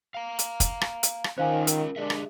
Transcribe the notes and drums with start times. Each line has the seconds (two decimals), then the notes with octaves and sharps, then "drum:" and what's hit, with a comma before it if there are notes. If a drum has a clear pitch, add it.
0.14 F5 A#5
0.39 drum: hi-hat
0.60 drum: kick, hi-hat
0.81 drum: rim click
1.03 drum: hi-hat
1.24 drum: rim click
1.38 D#3 C#4 F4 C5 C#5 F5 G#5
1.67 A#4, drum: hi-hat
1.96 G#3 D4 G4 G#4 E5
2.10 drum: rim click